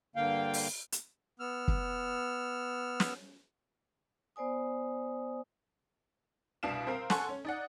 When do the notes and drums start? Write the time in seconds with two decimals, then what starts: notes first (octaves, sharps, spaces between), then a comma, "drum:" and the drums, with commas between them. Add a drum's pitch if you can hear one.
0.16 G2 D3 A#3 F5 G5
0.54 drum: open hi-hat
0.92 drum: hi-hat
1.40 B3 E6 F6
1.68 drum: kick
3.00 drum: snare
4.36 B3 C5 D5 G#5 D#6
6.63 C2 B2 D4 F5 E7
6.87 C4 A#4 F5
7.10 A4 F#5 G#5 A5 C6 C#6, drum: snare
7.29 C#4
7.45 D#4 D5 F#5